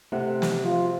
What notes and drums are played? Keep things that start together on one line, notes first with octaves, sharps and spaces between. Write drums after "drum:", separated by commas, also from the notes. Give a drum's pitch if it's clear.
C3 A3 C5 F#5
drum: snare
F3 F4 F#4